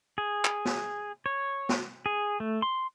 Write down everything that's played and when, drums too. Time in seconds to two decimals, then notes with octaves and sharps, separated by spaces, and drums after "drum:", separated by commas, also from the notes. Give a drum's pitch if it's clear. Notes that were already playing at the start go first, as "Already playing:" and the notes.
0.18 G#4
0.45 drum: clap
0.65 drum: snare
1.26 C#5
1.69 drum: snare
2.06 G#4
2.40 A3
2.62 C6